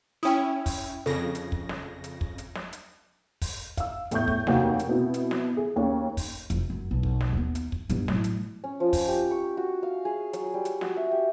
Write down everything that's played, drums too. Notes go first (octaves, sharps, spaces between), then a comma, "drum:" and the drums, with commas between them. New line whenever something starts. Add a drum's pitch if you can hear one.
C#4 E4 G5 D#6
drum: kick, open hi-hat
F2 C#3 A4 A#6
drum: hi-hat
drum: kick
drum: snare
drum: hi-hat
drum: kick
drum: hi-hat
drum: snare
drum: hi-hat
drum: kick, open hi-hat
F5 E6, drum: kick, hi-hat
E2 A2 E5 C#6 G6, drum: hi-hat
drum: kick
F1 D#2 F#4, drum: snare
drum: hi-hat
B2 B3 C4 E4
drum: hi-hat
drum: snare
G#4
D#2 C#4
drum: kick, open hi-hat
F1, drum: kick, hi-hat
F#2
B1
drum: kick
drum: snare
D#2 B3
drum: hi-hat
drum: kick
G2 B3, drum: hi-hat
A2 F#3, drum: snare
drum: hi-hat
C#4
F3
drum: kick, open hi-hat
G4
C#6
F#4
F5
G#4
F#3, drum: hi-hat
G3
drum: hi-hat
F#4, drum: snare
E5
G4